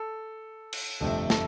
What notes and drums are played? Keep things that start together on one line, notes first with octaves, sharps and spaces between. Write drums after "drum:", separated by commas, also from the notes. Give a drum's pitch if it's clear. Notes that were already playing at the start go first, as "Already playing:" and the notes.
Already playing: A4
drum: cymbal
G1 F2 C3 F3 A3 A4
A4, drum: snare